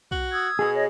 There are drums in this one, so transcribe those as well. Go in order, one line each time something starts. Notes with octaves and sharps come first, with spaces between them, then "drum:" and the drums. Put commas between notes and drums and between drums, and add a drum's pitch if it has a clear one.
F#4, drum: kick B1
D#6 E6 G#6
B2 G#4
C#5 D#5